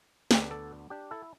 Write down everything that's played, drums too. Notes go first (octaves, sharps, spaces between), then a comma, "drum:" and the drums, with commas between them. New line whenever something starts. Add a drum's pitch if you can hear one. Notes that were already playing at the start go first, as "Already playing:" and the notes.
D2 D3 B3 D4 G4 B4, drum: snare
A4 D5
D4 G4
E4 A4